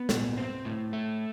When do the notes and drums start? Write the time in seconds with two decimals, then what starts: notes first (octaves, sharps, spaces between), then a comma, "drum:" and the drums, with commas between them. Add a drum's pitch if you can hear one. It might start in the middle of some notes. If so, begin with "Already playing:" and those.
Already playing: B3
0.09 A#2, drum: snare
0.37 C4
0.65 A2
0.93 A3